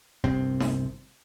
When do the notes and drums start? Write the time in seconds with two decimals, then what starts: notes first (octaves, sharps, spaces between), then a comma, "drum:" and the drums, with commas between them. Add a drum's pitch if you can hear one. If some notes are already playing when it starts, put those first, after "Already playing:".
0.24 G1 C2 C3 C4, drum: kick F1
0.60 drum: snare D#4